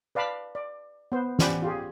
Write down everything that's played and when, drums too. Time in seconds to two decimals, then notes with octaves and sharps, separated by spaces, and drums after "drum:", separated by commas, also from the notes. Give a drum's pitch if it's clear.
0.15 B4 D5 F5 A5 B5
0.55 D5
1.12 B3 C5
1.39 C#4 G4 C5 D5 F#5 B5, drum: snare
1.62 F4 G4 G#4